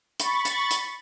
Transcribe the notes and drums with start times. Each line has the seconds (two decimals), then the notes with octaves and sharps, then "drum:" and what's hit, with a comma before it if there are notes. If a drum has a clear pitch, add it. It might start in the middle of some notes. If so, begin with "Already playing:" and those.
0.20 B5 C#6 A6, drum: hi-hat
0.45 drum: hi-hat
0.71 drum: hi-hat